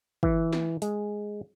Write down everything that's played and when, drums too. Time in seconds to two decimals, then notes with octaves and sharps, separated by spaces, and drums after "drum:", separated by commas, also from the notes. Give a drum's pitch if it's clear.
0.23 E3, drum: kick
0.53 drum: snare
0.82 G#3, drum: hi-hat